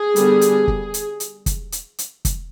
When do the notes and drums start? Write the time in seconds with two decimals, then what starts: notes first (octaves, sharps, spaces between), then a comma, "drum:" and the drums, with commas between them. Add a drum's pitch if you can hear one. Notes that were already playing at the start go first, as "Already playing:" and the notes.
Already playing: G#4
0.16 D3 G3 B3, drum: hi-hat
0.41 drum: hi-hat
0.68 drum: kick
0.94 drum: hi-hat
1.20 drum: hi-hat
1.46 drum: kick, hi-hat
1.72 drum: hi-hat
1.99 drum: hi-hat
2.25 drum: kick, hi-hat